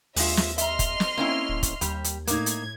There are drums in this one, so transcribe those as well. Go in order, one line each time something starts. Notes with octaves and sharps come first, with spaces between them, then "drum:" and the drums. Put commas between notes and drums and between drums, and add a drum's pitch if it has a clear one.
D#2 G#3 F4 E5, drum: open hi-hat
drum: snare
D#5 E5 A#5 C6 F6, drum: hi-hat
drum: kick, hi-hat
drum: snare
A#3 C4 C#4 E4
D1
drum: kick, hi-hat
D#2 G3 G4, drum: hi-hat
drum: hi-hat
A2 A#3 D#4 G#6, drum: hi-hat
drum: hi-hat